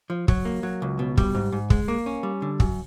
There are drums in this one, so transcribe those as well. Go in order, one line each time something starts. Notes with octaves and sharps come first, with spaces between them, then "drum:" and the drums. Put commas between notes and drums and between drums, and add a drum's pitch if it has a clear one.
F3
F#3, drum: kick
A#3
F#3
C#2
B2
G3, drum: kick
G#2
G#2
G#3, drum: kick
A#3
C#4
G3
D3
F#2, drum: kick